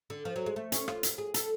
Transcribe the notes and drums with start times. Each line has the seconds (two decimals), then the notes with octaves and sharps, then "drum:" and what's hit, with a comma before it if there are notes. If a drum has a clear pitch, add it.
0.10 D3
0.25 F3
0.36 F#3
0.46 G#3
0.56 A3
0.72 C#4, drum: hi-hat
0.88 F4, drum: rim click
1.03 drum: hi-hat
1.18 G#4
1.34 A4, drum: hi-hat